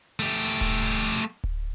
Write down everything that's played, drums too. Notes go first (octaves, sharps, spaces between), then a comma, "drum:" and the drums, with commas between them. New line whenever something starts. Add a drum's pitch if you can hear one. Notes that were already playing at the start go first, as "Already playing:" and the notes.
A3 G4
drum: kick D1
drum: kick D1